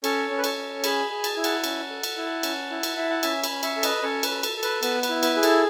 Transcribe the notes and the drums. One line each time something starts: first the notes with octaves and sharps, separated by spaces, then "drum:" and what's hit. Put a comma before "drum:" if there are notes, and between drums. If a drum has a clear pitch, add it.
C#4 A4 C#5, drum: cymbal
C#4
B4
A4 C#5, drum: cymbal
C#4
G#4 G#5 B5, drum: cymbal
G#4
A5, drum: cymbal
E4 G#5
F#5 A5, drum: cymbal
C#4, drum: cymbal
A4
drum: cymbal
E4
C#4, drum: cymbal
E4
drum: cymbal
E4 E5
F#5
C#4 E5 G#5, drum: cymbal
G#5 B5, drum: cymbal
C#4
C#5 E5, drum: cymbal
A4
B4 D#5, drum: cymbal
C#4 A4 C#5
B4, drum: cymbal
A4
A4, drum: cymbal
A4
B4, drum: cymbal
B3 B4, drum: cymbal
B4, drum: cymbal
E4
B4, drum: cymbal
G#4
A4, drum: cymbal